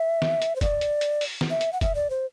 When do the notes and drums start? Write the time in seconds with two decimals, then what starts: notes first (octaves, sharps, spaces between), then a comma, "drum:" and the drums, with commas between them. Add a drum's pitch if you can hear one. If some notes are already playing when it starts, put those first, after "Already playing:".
Already playing: E5
0.22 drum: snare
0.42 drum: hi-hat
0.56 C5
0.61 D5, drum: kick, hi-hat
0.81 drum: hi-hat
1.01 drum: hi-hat
1.21 drum: open hi-hat
1.41 drum: snare
1.50 E5
1.61 drum: hi-hat
1.73 F#5
1.81 E5, drum: kick, hi-hat
1.95 D5
2.10 C5